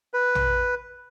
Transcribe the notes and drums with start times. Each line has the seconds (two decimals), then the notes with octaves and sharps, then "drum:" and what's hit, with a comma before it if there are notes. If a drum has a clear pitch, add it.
0.14 B4
0.35 drum: tom A#1